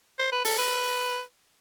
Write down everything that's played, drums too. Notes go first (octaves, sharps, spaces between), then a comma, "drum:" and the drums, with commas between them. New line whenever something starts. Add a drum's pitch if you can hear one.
C5
B4
A4, drum: open hi-hat
B4